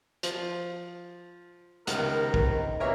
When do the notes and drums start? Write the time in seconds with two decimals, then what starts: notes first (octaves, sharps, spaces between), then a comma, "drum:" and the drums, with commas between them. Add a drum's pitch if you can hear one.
0.23 F3, drum: hi-hat
1.87 C#2 C3 D#3 B3 A#4, drum: hi-hat
2.34 drum: kick
2.80 C3 E3 A#3 A#4 C#5 E5